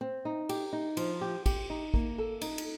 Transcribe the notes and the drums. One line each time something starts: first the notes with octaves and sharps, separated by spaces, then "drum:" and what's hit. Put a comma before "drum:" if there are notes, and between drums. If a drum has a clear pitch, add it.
C4
D#4
G4, drum: cymbal
D#4
F3, drum: cymbal
G4
G4, drum: kick, cymbal
D#4
A#3, drum: kick
A4
D#4, drum: cymbal
drum: cymbal